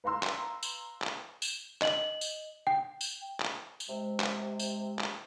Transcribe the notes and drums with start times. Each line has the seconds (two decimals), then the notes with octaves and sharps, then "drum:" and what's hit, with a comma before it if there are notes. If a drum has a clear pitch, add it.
0.04 B4 F5 A#5 C6 E6
0.23 drum: clap
0.63 drum: tambourine
1.02 drum: clap
1.42 drum: tambourine
1.82 D#5 F#7, drum: clap
2.21 drum: tambourine
2.67 G5
3.01 drum: tambourine
3.40 drum: clap
3.80 drum: tambourine
3.89 C3 G#3
4.20 drum: clap
4.60 drum: tambourine
4.99 drum: clap